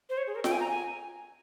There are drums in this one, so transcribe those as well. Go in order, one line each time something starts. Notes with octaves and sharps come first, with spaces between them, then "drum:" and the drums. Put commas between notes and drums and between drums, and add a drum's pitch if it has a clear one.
C5
C#5
G#4
A#4
G5, drum: snare F4
G#5
A#5
G#5